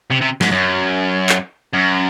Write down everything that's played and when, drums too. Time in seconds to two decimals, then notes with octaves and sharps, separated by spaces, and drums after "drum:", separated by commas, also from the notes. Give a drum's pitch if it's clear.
0.11 C3
0.22 C3
0.41 G#2, drum: snare
0.52 F#2
1.29 drum: clap
1.73 F#2